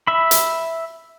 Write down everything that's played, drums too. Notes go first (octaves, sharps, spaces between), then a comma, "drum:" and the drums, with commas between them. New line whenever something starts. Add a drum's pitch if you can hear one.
E5 B5
drum: hi-hat